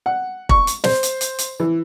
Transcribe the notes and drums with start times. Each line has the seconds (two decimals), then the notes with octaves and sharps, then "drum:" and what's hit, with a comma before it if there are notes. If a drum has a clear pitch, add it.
0.06 F#5
0.49 C#6, drum: kick
0.67 drum: hi-hat
0.84 C5, drum: snare
1.03 drum: hi-hat
1.21 drum: hi-hat
1.39 drum: hi-hat
1.60 E3